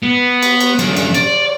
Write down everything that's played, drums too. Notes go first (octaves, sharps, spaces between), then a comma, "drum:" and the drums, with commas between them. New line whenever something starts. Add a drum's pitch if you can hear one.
B3
drum: cymbal
drum: cymbal
F#2 D3, drum: cymbal
drum: cymbal
D5, drum: cymbal